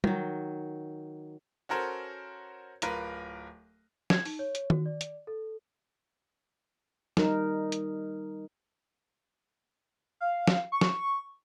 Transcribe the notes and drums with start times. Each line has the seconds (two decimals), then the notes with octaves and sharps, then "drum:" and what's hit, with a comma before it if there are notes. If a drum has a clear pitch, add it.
0.04 D#3 F#3, drum: tom
1.69 C#4 F#4 A4 A#4 C5
2.82 D1 F4 A#4 B4, drum: hi-hat
4.10 G#6, drum: snare
4.25 D#4, drum: open hi-hat
4.39 C#5
4.55 drum: hi-hat
4.70 F#4, drum: tom D#3
4.86 D5
5.01 drum: hi-hat
5.27 A4
7.17 G3 D#4 A#4, drum: snare
7.72 drum: hi-hat
10.20 F5
10.47 drum: snare
10.72 C#6
10.81 drum: snare